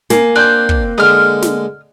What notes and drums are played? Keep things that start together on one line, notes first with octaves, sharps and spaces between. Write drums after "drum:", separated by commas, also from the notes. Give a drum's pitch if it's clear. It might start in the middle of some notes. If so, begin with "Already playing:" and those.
A#3 G#5, drum: snare
C4 D4 F#6 G6
drum: kick
D3 G#3 D#6 F6
drum: snare